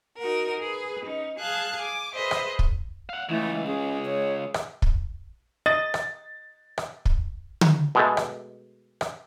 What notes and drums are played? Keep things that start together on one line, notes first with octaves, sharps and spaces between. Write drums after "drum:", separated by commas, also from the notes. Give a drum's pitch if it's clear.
D#4 F#4 A#4
G#4 B4
C#4 D#4
G#4 F5 A5 F#6 G#6
G#5 D6
G#4 B4 C5 D#5 E5
drum: rim click
drum: kick
F5 F#5
C#2 E3 A3
C#4 G#4
C#5
drum: rim click
drum: kick
D#5 A6
drum: rim click
drum: rim click
drum: kick
drum: tom D3
B2 G#3 A3
drum: rim click
drum: rim click